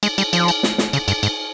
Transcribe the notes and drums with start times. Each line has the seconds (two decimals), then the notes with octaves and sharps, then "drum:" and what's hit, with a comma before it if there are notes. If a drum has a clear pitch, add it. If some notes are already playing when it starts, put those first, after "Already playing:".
0.03 G#3, drum: cymbal
0.18 G3, drum: cymbal
0.33 F3, drum: cymbal
0.48 drum: cymbal
0.63 drum: snare
0.78 drum: snare
0.93 C#3, drum: cymbal
1.08 G2, drum: cymbal
1.23 G#2, drum: cymbal